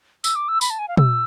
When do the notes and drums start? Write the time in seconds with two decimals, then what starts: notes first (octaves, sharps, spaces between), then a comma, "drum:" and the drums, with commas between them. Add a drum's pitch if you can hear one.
0.24 E6, drum: tambourine
0.35 D6
0.48 E6
0.61 B5, drum: tambourine
0.70 A5
0.79 G#5
0.88 F5
0.97 E6, drum: tom